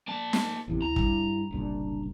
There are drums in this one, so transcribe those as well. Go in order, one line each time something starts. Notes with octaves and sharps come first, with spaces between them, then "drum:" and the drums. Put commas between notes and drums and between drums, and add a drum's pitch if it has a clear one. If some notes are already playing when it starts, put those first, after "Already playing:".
A#3 A5
drum: snare
A1 E2 C3 E4
D2 A#5
G2, drum: kick
F#1 C2 A#2 D4